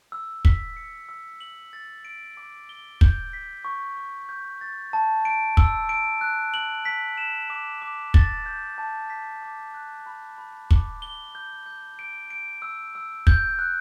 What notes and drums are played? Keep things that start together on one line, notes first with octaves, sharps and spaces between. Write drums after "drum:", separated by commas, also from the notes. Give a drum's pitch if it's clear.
E6
B6, drum: kick
C#7
E6
F#7
A6
D7
D6
G7
G6, drum: kick
B6
C#6
C#6
G6
A6
A5
D7
E6, drum: kick
D7
F#6
F#7
B6
E7
D6
D6
A6, drum: kick
G6
A5
B6
D6
F#6
B5
B5
D6, drum: kick
G7
G6
G6
D7
D7
E6
E6
G6, drum: kick
F#6